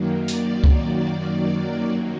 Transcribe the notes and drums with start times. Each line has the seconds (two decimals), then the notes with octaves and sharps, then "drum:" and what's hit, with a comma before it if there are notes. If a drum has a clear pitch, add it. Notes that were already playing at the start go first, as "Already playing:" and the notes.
Already playing: F#2 D#3 F#3 A#3
0.28 D5, drum: hi-hat
0.64 D5, drum: kick